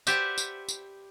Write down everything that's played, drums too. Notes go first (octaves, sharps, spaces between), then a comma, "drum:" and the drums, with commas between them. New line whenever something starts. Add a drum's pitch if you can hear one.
G4 B4 C5 D5 E5 F#5, drum: tambourine
drum: tambourine
drum: tambourine